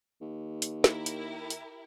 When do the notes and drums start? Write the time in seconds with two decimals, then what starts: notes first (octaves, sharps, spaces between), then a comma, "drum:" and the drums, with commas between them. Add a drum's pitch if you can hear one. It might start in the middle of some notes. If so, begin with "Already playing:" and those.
0.21 D#2
0.62 drum: hi-hat
0.84 E4 G4 A#4, drum: snare
1.06 drum: hi-hat
1.50 drum: hi-hat